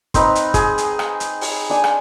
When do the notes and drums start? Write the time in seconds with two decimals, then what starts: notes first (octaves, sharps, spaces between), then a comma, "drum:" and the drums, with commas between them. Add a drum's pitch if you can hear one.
0.14 C4 D#4 B4, drum: kick, hi-hat
0.35 drum: hi-hat
0.54 G#4, drum: kick, hi-hat
0.78 drum: hi-hat
0.99 drum: rim click
1.20 drum: hi-hat
1.41 drum: open hi-hat
1.70 D4 G#5
1.84 drum: rim click